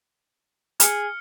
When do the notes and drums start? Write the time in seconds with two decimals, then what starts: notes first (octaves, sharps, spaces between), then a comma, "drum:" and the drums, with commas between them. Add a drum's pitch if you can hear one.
0.80 G#4 F6 C#7, drum: hi-hat